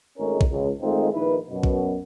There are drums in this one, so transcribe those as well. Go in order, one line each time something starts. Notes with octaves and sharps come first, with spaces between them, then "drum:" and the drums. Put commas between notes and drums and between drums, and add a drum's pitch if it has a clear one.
G#1 G#3 A3 C#4 D#4 A#4
drum: kick A#1
C#2
D#3 G#3 A3 C4 D#4 F4
A#1 D#3 D#4 E4 B4
F#2 B2
drum: kick A#1